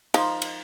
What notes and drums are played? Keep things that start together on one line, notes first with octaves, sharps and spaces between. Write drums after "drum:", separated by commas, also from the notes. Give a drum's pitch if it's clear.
F3 D#4, drum: cymbal
drum: cymbal